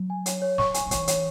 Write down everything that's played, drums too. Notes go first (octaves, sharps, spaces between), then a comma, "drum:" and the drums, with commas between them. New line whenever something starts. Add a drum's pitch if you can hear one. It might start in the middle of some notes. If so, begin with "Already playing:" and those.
Already playing: F#3
G#5
C#5, drum: hi-hat
C#5
C#6, drum: snare
G#5, drum: hi-hat
D3
E3 C#5, drum: kick, hi-hat
C#5, drum: hi-hat